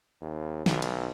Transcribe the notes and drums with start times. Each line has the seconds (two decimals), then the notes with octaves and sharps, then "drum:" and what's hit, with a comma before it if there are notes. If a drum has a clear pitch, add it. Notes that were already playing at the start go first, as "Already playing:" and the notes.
0.22 D#2
0.66 B1, drum: snare
0.82 drum: cymbal